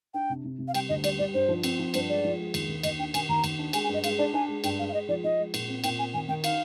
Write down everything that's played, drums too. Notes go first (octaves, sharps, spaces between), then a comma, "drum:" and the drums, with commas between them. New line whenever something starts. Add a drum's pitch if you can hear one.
D4 G5
C3
C3
C3
F5
G3 G5, drum: cymbal
D2 D#5
G3 D5, drum: cymbal
G3 D5
G2 C5
F3
C4, drum: cymbal
F3
G2 C5, drum: cymbal
G#3 D5
F3
G#3
D#2, drum: cymbal
D#3
D#2 D#5, drum: cymbal
D4 G5
D#3 G#5, drum: cymbal
D#2 A#5
D#2, drum: cymbal
D4
G#3 G#5, drum: cymbal
G#5
G2
D#5
G#3 F5, drum: cymbal
D4 D5
D4 G#5
G#3
G2 G5, drum: cymbal
G#3 F5
F5
G#3 D#5
F3 D5
F3 D#5
G#3
A#2, drum: cymbal
C4
A#2 G5, drum: cymbal
C4 G#5
D#3 G#5
D#3 G5
D#4 F5, drum: cymbal